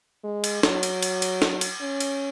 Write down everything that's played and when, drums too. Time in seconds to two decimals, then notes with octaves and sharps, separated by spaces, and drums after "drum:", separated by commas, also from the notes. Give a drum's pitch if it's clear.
0.24 G#3
0.44 drum: cymbal
0.63 F#3, drum: snare
0.83 drum: cymbal
1.03 drum: cymbal
1.22 drum: cymbal
1.42 drum: snare
1.61 drum: cymbal
1.81 C#4
2.00 drum: cymbal